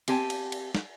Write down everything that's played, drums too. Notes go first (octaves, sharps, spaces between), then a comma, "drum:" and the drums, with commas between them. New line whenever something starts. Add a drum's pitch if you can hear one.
C4 G4 G#5 A5, drum: cymbal
drum: cymbal
drum: cymbal
drum: snare